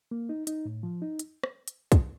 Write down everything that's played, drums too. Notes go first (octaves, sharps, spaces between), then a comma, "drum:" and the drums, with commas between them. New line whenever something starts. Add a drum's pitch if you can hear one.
A#3
D#4
D#4, drum: hi-hat
A2
F3
D#4
drum: hi-hat
drum: rim click
drum: hi-hat
drum: kick, hi-hat